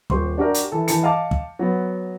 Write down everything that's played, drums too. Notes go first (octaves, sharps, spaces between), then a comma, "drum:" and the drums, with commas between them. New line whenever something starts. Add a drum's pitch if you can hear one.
D#1 G4 C5 C6 C#6, drum: kick
D4 F#4 G4 A#4 D5
drum: hi-hat
E3 A4
E3 A5 C#7, drum: hi-hat
D#5 F5 A5 D6
drum: kick
F#3 B3